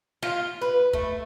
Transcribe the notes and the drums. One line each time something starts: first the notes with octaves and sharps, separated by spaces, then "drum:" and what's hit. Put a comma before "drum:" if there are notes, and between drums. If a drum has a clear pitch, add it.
F4, drum: snare
B4
A3, drum: kick